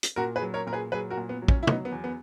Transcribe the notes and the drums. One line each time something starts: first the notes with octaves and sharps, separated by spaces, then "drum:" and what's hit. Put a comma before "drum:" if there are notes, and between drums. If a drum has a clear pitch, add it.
drum: hi-hat
A#2 F#4 A#4
G#4 B4
F#3
A#4 C#5
A#2 A#4
G#4 B4
F#3 G#4 B4
F#4 A#4
A#2
B3
F#3
C#4, drum: kick
E4
F#3 B3 D#4, drum: tom
B3
E2
B3